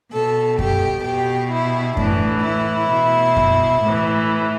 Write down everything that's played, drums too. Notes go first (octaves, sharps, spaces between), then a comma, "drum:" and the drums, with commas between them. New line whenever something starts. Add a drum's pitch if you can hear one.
B2 A4
G4, drum: kick F#2
B2 G4
E4
A2 E3 D4, drum: kick F#2
E4
B2
drum: kick F#2
A2 E3